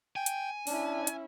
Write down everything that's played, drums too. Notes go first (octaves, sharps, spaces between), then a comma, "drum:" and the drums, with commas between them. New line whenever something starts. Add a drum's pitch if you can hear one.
G5 G#5
drum: hi-hat
C#4 D4 E4, drum: open hi-hat
drum: hi-hat